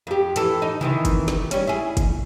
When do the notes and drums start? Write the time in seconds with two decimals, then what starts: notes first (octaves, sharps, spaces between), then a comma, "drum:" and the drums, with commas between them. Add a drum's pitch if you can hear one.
0.07 F2 G4
0.36 E3 A4, drum: hi-hat
0.62 D#4
0.81 C3 D#3 E3, drum: tom C3
1.05 drum: kick, hi-hat
1.28 drum: snare
1.51 G3 C#4, drum: hi-hat
1.67 E4 G#4
1.97 drum: kick, hi-hat